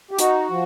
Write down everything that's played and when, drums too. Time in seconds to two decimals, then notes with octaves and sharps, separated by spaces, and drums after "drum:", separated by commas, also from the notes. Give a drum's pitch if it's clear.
0.11 G4
0.18 D#4 F#4, drum: hi-hat
0.50 F3